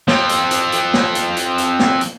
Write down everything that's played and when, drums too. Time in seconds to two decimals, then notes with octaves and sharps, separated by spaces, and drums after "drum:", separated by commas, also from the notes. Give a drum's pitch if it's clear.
0.08 F3 C4, drum: snare
0.29 drum: hi-hat
0.51 drum: hi-hat
0.72 drum: hi-hat
0.94 drum: snare
1.15 drum: hi-hat
1.37 drum: hi-hat
1.58 drum: hi-hat
1.79 drum: snare
2.01 drum: hi-hat